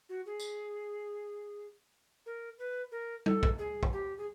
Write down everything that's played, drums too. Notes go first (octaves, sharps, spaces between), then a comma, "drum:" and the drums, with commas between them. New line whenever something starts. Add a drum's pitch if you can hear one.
F#4
G#4
drum: tambourine
A#4
B4
A#4
A4, drum: tom
drum: kick
G#4
drum: kick
G4
G#4